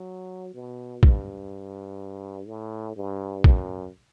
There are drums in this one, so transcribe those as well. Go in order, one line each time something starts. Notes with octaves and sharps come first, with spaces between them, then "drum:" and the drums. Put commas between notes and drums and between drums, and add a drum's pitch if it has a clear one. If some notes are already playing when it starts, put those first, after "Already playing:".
Already playing: F#3
B2
G2, drum: kick
A2
G2
F#2, drum: kick